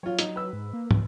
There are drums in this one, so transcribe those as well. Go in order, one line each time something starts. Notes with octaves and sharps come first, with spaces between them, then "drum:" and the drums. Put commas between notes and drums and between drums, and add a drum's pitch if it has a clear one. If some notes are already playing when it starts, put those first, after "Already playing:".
F#3 F4 C#5
D#4, drum: hi-hat
B4 E6
G#2
A#3
C#2, drum: tom